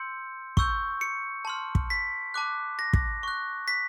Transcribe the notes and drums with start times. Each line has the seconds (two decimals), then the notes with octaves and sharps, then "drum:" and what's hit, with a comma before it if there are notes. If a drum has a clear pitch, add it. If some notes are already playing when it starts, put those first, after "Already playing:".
Already playing: C6 E6 G6 C#7
0.57 C#6 E6 G6, drum: kick
1.01 C#7
1.45 A5 C6 F6
1.75 drum: kick
1.90 B6
2.34 A5 D6 F#6
2.79 A#6
2.93 drum: kick
3.23 C#6 F#6
3.68 B6